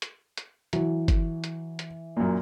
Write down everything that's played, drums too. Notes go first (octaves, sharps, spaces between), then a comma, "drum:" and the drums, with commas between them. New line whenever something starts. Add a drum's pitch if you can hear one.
drum: hi-hat
drum: hi-hat
E3 F#3, drum: hi-hat
drum: kick, hi-hat
drum: hi-hat
drum: hi-hat
F#2 A#2